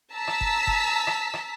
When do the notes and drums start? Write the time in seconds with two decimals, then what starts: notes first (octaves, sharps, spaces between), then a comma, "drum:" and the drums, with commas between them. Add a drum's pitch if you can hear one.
0.14 A5 A#5 E6 B6
0.28 drum: rim click
0.41 drum: kick F#1
0.67 drum: kick F#1
1.07 drum: rim click
1.34 drum: rim click